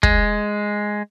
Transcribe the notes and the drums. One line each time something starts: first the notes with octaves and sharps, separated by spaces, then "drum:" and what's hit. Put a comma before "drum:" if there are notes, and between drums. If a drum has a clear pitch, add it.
G#3, drum: kick